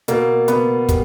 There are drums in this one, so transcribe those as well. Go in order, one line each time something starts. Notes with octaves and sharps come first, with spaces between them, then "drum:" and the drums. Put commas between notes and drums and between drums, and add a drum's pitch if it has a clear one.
B2 A#3, drum: hi-hat
B2 B3, drum: hi-hat
G3, drum: kick, hi-hat